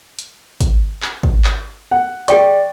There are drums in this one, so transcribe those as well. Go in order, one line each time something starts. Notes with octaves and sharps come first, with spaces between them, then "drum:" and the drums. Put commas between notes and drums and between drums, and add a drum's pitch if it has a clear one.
drum: hi-hat
drum: kick, hi-hat
drum: clap
drum: kick
drum: clap
F#5
G#4 D5 G5 C#6, drum: hi-hat